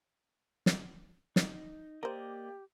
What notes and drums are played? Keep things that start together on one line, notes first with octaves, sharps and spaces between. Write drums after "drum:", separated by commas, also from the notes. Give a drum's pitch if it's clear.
drum: snare
D#4, drum: snare
A#3 G4 A#4 C5 D5 D#5